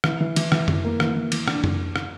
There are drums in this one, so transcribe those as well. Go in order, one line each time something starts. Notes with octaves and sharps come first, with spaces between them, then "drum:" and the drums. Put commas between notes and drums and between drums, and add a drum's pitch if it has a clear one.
E3, drum: rim click
E3
E3, drum: cymbal
E3, drum: rim click
E3, drum: tom
A#3
E3, drum: rim click
E3
E3, drum: cymbal
D4, drum: rim click
drum: tom
drum: rim click